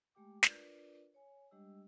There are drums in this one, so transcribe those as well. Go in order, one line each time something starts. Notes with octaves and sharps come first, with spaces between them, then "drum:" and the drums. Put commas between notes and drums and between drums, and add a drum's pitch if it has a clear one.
G#3 A3 G4 G5 D6
D4 F4 A#4 B4 D5, drum: snare
C#5 G#5
G3 G#3 D4 G4 D#5 E6